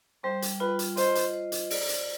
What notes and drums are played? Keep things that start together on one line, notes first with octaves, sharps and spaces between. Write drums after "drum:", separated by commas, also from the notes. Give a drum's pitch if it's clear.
G3 C5
drum: hi-hat
F4 B4
drum: hi-hat
C5 D#5, drum: hi-hat
drum: hi-hat
C5
drum: hi-hat
D5, drum: open hi-hat
drum: hi-hat